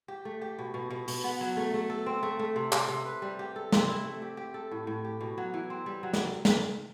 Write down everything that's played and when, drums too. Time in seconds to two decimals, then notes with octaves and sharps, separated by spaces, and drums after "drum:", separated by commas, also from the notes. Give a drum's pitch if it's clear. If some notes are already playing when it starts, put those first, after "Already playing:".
0.08 G4
0.25 A3
0.41 G4
0.59 B2
0.74 B2
0.90 B2
1.08 B2, drum: open hi-hat
1.24 B3
1.41 F#3
1.57 A3
1.74 A3
1.90 A4
2.06 C4
2.23 A3
2.39 A3
2.56 C3
2.72 C3, drum: clap
2.89 C3
3.05 B4
3.22 G3
3.39 G4
3.56 A4
3.72 C4, drum: snare
3.88 E4
4.05 A3
4.22 G4
4.37 G4
4.54 A4
4.71 A2
4.87 A2
5.04 G4
5.20 B2
5.38 F#3
5.54 E3
5.70 C4
5.86 G3
6.03 F#3
6.13 drum: snare
6.45 drum: snare